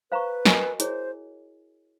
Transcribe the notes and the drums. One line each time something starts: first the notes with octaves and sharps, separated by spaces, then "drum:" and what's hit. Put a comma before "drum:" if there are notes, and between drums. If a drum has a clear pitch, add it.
B4 C5 F5 A#5 C#6
F#4 A#4 D#5 G#5, drum: snare
E4 G#4 C5 C#5, drum: hi-hat